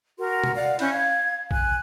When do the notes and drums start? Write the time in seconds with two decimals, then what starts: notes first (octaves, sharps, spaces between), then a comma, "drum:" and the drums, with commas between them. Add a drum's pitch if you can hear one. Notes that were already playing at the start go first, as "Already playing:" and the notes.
0.19 F#4 A#4 C6
0.44 drum: tom B2
0.55 D5 F5 F#5
0.79 C#4 E4 F#6 G6, drum: cymbal
0.92 F5 G#6
1.51 G#5 F#6, drum: kick A#1